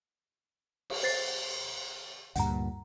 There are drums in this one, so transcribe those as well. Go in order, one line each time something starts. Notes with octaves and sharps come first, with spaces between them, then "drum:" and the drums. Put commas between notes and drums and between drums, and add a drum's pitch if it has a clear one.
drum: cymbal
C5 A6 C7
D2 G2 A#2 F#5 A#5, drum: hi-hat